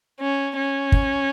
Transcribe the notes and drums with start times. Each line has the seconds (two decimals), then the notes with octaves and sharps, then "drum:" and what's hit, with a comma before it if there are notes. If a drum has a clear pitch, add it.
0.20 C#4
0.57 C#4
0.92 drum: kick